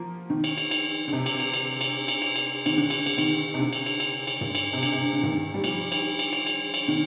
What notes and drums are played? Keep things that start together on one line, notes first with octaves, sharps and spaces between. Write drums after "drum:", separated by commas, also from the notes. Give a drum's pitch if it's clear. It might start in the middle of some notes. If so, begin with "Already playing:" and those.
Already playing: F3 A#3
D#3
drum: cymbal
drum: cymbal
drum: cymbal
D3
C3
drum: cymbal
drum: cymbal
drum: cymbal
drum: cymbal
drum: cymbal
drum: cymbal
drum: cymbal
D#3, drum: cymbal
D3
drum: cymbal
D3, drum: cymbal
D#3, drum: cymbal
C3
D3
drum: cymbal
drum: cymbal
drum: cymbal
drum: cymbal
drum: tom
drum: cymbal
C3
D3, drum: cymbal
C3
D3
D3
D#3, drum: tom
G3
F3, drum: cymbal
drum: cymbal
drum: cymbal
drum: cymbal
drum: cymbal
drum: cymbal
D#3